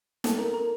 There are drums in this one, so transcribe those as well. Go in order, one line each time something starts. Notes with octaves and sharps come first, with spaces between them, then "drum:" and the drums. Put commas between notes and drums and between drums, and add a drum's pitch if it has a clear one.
A4, drum: snare
A#4
A#4